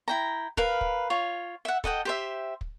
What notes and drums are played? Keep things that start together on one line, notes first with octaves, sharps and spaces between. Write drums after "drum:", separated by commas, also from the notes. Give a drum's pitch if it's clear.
E4 G5 A#5
A#4 B4 F5, drum: kick
drum: kick
F4 C#5
E5 F#5
A4 D#5 F#5 G5, drum: kick
G4 C5 E5
drum: kick